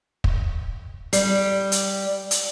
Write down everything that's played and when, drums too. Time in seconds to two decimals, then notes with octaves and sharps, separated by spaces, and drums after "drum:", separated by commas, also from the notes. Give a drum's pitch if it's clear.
0.24 drum: kick
1.13 G3, drum: hi-hat
1.72 drum: hi-hat
2.31 drum: hi-hat